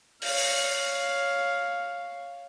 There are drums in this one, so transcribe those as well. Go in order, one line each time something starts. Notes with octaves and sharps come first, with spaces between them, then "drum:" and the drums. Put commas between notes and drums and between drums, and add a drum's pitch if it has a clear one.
C#5 F5, drum: open hi-hat
drum: open hi-hat